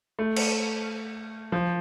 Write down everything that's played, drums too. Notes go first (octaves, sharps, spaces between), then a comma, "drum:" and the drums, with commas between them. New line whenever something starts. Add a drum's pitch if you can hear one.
A3
drum: cymbal
F3